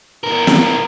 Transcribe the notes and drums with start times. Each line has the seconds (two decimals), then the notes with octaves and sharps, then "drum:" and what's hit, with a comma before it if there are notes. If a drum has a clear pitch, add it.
0.24 A2 A#4
0.47 drum: snare